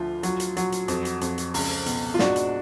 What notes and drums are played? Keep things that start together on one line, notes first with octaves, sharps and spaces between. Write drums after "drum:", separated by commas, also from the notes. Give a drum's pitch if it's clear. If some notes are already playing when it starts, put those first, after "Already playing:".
Already playing: D2 F3 F4
F#3, drum: hi-hat
drum: hi-hat
F#3, drum: hi-hat
drum: hi-hat
F2, drum: hi-hat
drum: hi-hat
F2, drum: hi-hat
drum: hi-hat
C#2, drum: open hi-hat
B2, drum: hi-hat
F4
G#2 D4 F#4, drum: snare
drum: hi-hat